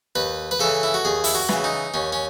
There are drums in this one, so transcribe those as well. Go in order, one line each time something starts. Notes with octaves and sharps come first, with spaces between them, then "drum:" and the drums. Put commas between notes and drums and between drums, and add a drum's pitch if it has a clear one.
D#2 B4
B4
C#3 E3 A4
E4
F#4
D#2 G#4
E4, drum: open hi-hat
F#4
C#3 E3, drum: snare
D#4
D#2 C#4
C#4